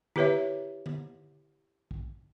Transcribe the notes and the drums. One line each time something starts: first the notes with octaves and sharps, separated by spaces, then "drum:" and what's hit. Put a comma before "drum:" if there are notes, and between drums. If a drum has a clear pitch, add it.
E4 G4 B4 C#5 E5, drum: tom D3
drum: tom D3
drum: kick